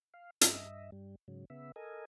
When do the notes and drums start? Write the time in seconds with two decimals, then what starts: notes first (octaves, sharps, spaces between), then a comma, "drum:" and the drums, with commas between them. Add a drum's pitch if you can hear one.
0.14 F5
0.41 G2 D#5 E5, drum: hi-hat
0.92 G2 G3
1.28 G#2 C#3 F#3
1.50 C#3 B3 E5
1.76 A4 A#4 D#5 G#5